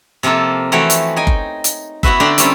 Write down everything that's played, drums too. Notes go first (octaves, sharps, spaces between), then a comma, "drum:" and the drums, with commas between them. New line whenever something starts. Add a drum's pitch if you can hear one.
C3 F3 A#3 F4 A4
E3 F3 A3 F#4 C#5 G5
drum: hi-hat
D#4 G5 G#5
drum: kick F#1
drum: hi-hat
B3 E4 F#4 B4 E5, drum: kick F#1
D3 D4 D5 G5 A#5 C6
G3 A#3 C4 C#4 E4 F4, drum: hi-hat